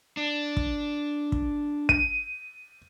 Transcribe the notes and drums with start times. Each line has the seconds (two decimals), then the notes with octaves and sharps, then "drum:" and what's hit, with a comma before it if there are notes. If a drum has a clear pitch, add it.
0.17 D4
0.57 drum: kick
1.32 drum: kick
1.89 D#7, drum: kick